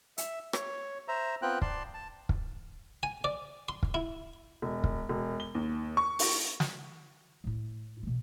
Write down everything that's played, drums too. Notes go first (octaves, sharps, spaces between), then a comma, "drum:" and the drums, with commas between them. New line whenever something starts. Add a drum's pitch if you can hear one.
E5, drum: hi-hat
C#5, drum: rim click
C5 E5 A#5
B3 C4 F4 G5 F#6
D5 A5 C6, drum: kick
A5
drum: kick
G#5
D5
C6
drum: kick
E4
E1
drum: kick
E1
G7
D#2
C#6
drum: open hi-hat
drum: snare
A2 E4
B2 E3